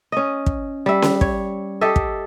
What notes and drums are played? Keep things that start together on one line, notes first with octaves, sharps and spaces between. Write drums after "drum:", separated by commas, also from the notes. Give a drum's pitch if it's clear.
C#4 D#5
drum: kick
G3 E5
drum: snare C#4
C#5, drum: kick
G4 A4 D#5 E5
drum: kick